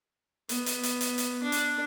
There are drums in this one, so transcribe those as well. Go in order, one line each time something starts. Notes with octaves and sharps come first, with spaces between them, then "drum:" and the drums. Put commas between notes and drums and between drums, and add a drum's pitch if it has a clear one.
B3, drum: hi-hat
drum: hi-hat
drum: hi-hat
drum: hi-hat
drum: hi-hat
D4
drum: hi-hat